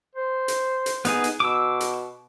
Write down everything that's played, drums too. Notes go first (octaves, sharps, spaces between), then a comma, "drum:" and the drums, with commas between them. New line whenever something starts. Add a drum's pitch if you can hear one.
C5
drum: hi-hat
drum: hi-hat
B3 D#4 G#4, drum: hi-hat
drum: hi-hat
B2 D6 E6
drum: hi-hat